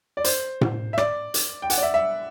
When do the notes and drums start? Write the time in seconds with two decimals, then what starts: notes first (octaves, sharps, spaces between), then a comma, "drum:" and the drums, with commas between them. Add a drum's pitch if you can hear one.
0.17 D5
0.24 C5, drum: hi-hat
0.61 drum: tom A2
0.93 E5
0.98 D5, drum: rim click
1.34 drum: hi-hat
1.62 G5
1.70 F#5, drum: hi-hat
1.78 D5
1.83 E5
1.94 E5